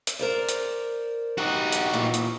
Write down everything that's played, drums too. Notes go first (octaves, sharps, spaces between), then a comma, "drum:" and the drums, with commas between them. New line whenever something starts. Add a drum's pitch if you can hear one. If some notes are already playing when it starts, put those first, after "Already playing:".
drum: hi-hat
A#4 C5 D5
drum: hi-hat
D#4 F#4 G4
drum: hi-hat
D#2 A#2 E3
drum: hi-hat